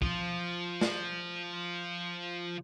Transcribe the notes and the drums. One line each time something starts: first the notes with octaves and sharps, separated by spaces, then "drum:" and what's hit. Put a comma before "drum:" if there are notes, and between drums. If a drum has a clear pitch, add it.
F3 F4, drum: kick
drum: snare